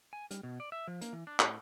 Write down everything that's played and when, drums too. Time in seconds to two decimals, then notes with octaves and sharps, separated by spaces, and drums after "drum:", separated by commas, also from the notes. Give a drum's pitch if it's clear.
0.13 G#5
0.31 G3, drum: hi-hat
0.43 B2
0.60 D5
0.72 E5
0.88 F3
1.01 A#3, drum: hi-hat
1.13 E3
1.27 D4
1.40 A2, drum: clap